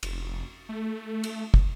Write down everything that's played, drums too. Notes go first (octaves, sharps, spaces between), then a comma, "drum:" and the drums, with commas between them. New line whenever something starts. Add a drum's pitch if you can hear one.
F1, drum: cymbal
A3
drum: cymbal
drum: kick